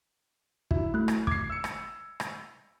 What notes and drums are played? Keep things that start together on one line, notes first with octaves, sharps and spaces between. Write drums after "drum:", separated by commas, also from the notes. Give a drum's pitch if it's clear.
F#3 E4, drum: kick
A3 F#6
drum: rim click
D6 G#6 C7, drum: kick
E6 C#7
drum: rim click
drum: rim click